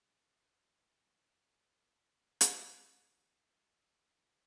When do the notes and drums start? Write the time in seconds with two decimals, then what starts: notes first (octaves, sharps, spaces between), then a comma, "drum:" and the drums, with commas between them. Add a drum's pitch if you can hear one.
0.95 F3 D#6 E6 D#7
2.41 drum: hi-hat
3.08 F5 F#5 A#5 D#6
3.62 A#2 F3 C4 D4 F#4
4.01 A#4
4.25 F3 F#4 B6